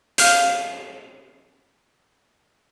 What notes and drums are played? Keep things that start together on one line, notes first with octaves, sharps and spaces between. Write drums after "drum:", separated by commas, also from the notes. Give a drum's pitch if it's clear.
F5 F6 G6, drum: hi-hat